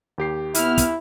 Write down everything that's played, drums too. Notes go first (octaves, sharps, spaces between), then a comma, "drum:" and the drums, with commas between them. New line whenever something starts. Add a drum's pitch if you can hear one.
D#2 G4 C7
B3 E4 F6, drum: hi-hat
drum: kick, hi-hat